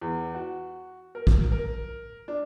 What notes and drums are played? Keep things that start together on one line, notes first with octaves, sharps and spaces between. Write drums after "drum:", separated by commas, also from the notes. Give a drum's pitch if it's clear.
E2
F#4
A#4
drum: kick
A#4
D4